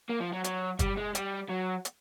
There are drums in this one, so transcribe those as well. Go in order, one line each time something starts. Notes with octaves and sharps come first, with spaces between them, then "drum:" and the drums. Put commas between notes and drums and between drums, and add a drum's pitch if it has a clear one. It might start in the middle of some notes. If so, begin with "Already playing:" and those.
A#3
F3
F#3
F#3, drum: hi-hat
G3, drum: kick, hi-hat
G#3
G3, drum: hi-hat
F#3
drum: hi-hat